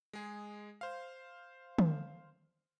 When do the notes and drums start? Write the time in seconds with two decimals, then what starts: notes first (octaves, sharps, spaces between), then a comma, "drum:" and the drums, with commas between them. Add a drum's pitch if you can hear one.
0.13 G#3 G#4
0.81 C5 F5
1.78 drum: tom